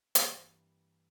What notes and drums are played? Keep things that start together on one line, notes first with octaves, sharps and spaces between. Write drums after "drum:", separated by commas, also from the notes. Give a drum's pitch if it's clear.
G2 E3 G3 A#3, drum: hi-hat